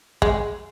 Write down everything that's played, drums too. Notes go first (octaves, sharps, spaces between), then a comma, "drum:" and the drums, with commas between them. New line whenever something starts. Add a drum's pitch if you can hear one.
G#3, drum: kick